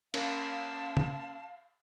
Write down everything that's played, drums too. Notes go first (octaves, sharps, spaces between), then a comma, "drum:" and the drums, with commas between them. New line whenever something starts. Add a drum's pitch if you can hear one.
A#3 C#4 F5 A5, drum: cymbal
drum: tom C#3